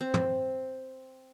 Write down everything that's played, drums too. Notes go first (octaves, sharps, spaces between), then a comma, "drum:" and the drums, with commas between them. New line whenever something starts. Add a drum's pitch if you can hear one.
C4
drum: tom